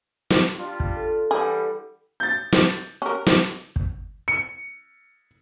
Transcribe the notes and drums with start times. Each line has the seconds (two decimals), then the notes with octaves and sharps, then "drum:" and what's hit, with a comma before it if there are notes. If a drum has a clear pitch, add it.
0.30 drum: snare
0.57 G3 D4 F4
0.80 drum: kick
0.96 A4
1.31 D3 E3 G3 G#4
2.20 G6 A6
2.52 drum: snare
3.02 C#4 A#4
3.26 drum: snare
3.76 drum: kick
4.28 C#7